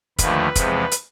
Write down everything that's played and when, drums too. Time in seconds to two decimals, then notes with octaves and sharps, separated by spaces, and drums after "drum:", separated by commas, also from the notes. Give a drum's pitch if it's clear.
0.19 D#2 D3 F3 A3 B4, drum: kick, hi-hat
0.56 E2 C3 F3 G#3, drum: kick, hi-hat
0.92 drum: hi-hat